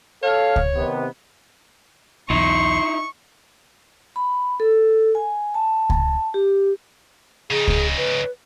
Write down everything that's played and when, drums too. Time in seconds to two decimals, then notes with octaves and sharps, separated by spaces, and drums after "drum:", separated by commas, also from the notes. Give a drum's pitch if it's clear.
0.23 A4 C#5 F5
0.56 drum: kick C#2
0.74 C3 D#3 B3
2.30 B1 E2 D#4 E4 C6 C#6
4.16 B5
4.60 A4
5.15 G#5
5.54 A5
5.90 drum: kick C#2
6.34 G4
7.51 C#3 D#4 G#4
7.68 drum: kick C#2
7.97 B4